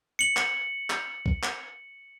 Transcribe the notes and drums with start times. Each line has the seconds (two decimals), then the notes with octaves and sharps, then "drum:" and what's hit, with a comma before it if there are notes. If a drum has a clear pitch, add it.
0.19 C#7 F#7
0.37 drum: clap
0.90 drum: clap
1.26 drum: kick B1
1.43 drum: clap